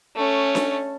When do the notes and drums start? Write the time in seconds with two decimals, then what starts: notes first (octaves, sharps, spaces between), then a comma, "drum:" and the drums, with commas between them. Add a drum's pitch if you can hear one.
0.16 A3 C#4
0.55 drum: snare D4